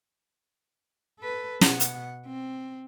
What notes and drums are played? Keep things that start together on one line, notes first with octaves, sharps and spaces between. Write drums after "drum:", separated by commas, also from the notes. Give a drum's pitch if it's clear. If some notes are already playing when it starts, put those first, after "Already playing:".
A4 B4
B2 F#5, drum: snare
drum: hi-hat
C4